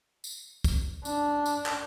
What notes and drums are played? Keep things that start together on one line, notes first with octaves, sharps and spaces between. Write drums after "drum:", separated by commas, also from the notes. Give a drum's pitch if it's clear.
drum: tambourine
drum: kick, tambourine
D4, drum: tambourine
drum: tambourine
drum: clap